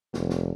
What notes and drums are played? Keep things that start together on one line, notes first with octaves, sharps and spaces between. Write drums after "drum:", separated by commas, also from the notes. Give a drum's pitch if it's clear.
F1, drum: snare
drum: snare